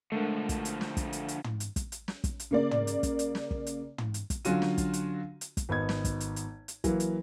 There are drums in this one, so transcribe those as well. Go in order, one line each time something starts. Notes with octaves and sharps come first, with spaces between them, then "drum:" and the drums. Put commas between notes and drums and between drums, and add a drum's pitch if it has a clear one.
D3 F3 G#3 A3 D4 A#4
drum: kick, hi-hat
drum: hi-hat
drum: snare
drum: kick, hi-hat
drum: hi-hat
drum: hi-hat
drum: tom
drum: hi-hat
drum: kick, hi-hat
drum: hi-hat
drum: snare
drum: kick, hi-hat
drum: hi-hat
C#3 A#3 D5
drum: tom
drum: hi-hat
drum: kick, hi-hat
drum: hi-hat
drum: snare
drum: kick
drum: hi-hat
drum: tom
drum: hi-hat
drum: kick, hi-hat
D3 F#3 C#4 F4 F#4 D#7, drum: hi-hat
drum: snare
drum: kick, hi-hat
drum: hi-hat
drum: hi-hat
drum: kick, hi-hat
G#1 B3 D#4 G#6
drum: snare
drum: kick, hi-hat
drum: hi-hat
drum: hi-hat
drum: hi-hat
E3 F#3 A#3, drum: kick, hi-hat
drum: hi-hat